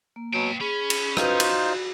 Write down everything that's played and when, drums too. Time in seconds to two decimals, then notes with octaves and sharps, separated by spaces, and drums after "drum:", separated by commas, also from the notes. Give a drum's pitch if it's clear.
0.16 A#3
0.34 B2 F#3 B4 G5
0.61 C#4 G#4 B5
0.90 drum: cymbal
1.17 D#4 F4 F#4 B4 C5, drum: rim click
1.40 F#4, drum: cymbal